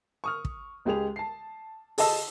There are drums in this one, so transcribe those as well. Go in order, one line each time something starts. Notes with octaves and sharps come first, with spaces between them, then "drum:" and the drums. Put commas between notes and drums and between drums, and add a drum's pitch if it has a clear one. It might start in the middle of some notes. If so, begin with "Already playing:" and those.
C#6 D#6 F6
drum: kick
C#2 G#3 G4 G#4 F7
A5 C7
G#4 A4 D#5 A5 E6, drum: open hi-hat